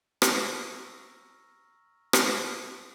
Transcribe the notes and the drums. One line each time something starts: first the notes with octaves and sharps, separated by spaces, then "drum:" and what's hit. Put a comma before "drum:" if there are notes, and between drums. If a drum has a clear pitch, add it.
A#5 C#6 E6 F6 A#6, drum: rim click
drum: rim click